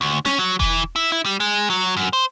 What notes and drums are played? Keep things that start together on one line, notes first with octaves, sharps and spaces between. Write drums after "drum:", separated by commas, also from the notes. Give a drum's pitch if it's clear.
D2
C#4, drum: snare
F#3
E3, drum: kick E1
E4
E4
G3
G#3
F#3
F#2
C5